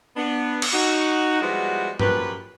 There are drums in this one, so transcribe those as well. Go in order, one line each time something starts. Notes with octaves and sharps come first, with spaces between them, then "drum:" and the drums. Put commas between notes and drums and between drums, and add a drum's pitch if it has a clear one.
B3 D4
drum: cymbal
D#4 F#4
F3 G3 G#3 B3 E4 F#4
F#2 F3 G4 B4, drum: tom G2